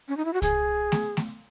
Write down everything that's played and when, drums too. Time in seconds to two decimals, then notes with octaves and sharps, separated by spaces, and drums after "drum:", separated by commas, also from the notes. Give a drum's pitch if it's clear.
0.08 C#4
0.17 D#4
0.25 E4
0.33 F#4
0.42 G#4, drum: kick C2, hi-hat
0.92 drum: snare A3
1.17 drum: snare A3